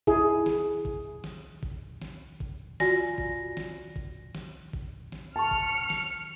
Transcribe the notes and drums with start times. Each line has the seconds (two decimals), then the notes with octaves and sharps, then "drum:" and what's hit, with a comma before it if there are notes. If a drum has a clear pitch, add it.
0.07 E4 G#4, drum: kick
0.46 drum: snare
0.85 drum: kick
1.24 drum: snare
1.63 drum: kick
2.02 drum: snare
2.40 drum: kick
2.80 F4 F#4 D5 G#5 A#6, drum: snare
3.18 drum: kick
3.57 drum: snare
3.96 drum: kick
4.35 drum: snare
4.73 drum: kick
5.12 drum: snare
5.36 A5 C#6 F6 C#7
5.51 drum: kick
5.90 drum: snare